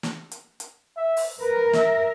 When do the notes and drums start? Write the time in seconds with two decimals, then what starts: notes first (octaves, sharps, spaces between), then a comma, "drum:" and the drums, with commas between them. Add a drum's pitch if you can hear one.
0.03 drum: snare
0.31 drum: hi-hat
0.60 drum: hi-hat
0.97 E5
1.17 drum: open hi-hat
1.40 A#4 B4
1.73 E5, drum: snare